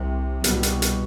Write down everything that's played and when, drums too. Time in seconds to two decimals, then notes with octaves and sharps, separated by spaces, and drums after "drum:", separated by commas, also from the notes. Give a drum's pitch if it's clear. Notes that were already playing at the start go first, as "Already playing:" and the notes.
Already playing: C2 C3
0.44 C2 B2 G3 B3, drum: hi-hat
0.63 drum: hi-hat
0.82 drum: hi-hat